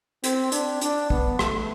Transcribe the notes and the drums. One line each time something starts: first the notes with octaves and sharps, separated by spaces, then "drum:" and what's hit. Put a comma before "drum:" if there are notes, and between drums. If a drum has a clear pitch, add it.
C4, drum: hi-hat
D4, drum: hi-hat
D4, drum: hi-hat
B3, drum: kick
A3, drum: rim click